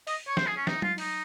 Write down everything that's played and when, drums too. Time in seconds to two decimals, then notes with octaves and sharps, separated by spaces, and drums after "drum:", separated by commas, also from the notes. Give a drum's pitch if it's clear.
0.07 D#5, drum: open hi-hat
0.27 C#5
0.37 C5, drum: snare
0.46 G#4
0.56 C#4
0.67 D#4, drum: snare
0.82 F4, drum: tom F#3
0.98 D#4, drum: open hi-hat